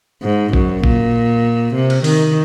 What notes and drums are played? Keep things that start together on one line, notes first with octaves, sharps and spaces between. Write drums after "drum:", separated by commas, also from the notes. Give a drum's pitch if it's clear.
G#2
F#2, drum: kick
A#2, drum: kick
C3
drum: cymbal
D#3, drum: open hi-hat